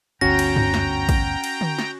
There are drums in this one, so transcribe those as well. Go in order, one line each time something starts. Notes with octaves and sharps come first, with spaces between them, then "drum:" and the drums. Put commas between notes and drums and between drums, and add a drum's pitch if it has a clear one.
G1 D2 C#4 F#4 G5 A#5 A#6
drum: cymbal
drum: tom
drum: snare
drum: kick, cymbal
drum: cymbal
drum: tom D3
drum: snare